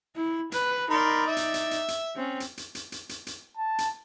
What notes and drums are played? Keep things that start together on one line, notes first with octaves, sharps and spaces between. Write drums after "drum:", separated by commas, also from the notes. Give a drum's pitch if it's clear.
E4
B4, drum: hi-hat
D#4 A#4 D5 B5 C6
E5
drum: hi-hat
drum: hi-hat
drum: hi-hat
drum: hi-hat
C4 C#4
drum: hi-hat
drum: hi-hat
drum: hi-hat
drum: hi-hat
drum: hi-hat
drum: hi-hat
A5
drum: hi-hat